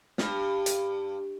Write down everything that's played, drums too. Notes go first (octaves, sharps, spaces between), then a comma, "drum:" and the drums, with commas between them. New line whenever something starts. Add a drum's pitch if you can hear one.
G2, drum: snare
drum: hi-hat